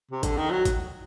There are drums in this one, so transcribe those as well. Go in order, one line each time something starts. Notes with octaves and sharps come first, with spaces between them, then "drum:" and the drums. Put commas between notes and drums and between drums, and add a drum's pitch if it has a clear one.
C3
D3, drum: kick G#1, hi-hat
D#3
F#3
drum: kick G#1, hi-hat